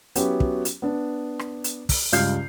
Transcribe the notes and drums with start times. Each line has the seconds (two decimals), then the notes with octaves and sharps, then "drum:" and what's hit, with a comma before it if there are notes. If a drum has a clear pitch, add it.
0.15 F#3 B3 C#4 E4 F#4 G4, drum: hi-hat
0.40 drum: kick
0.65 drum: hi-hat
0.82 B3 D4
1.39 drum: rim click
1.64 drum: hi-hat
1.89 drum: kick, open hi-hat
2.13 C#2 G2 F5 F6 G6 C7, drum: hi-hat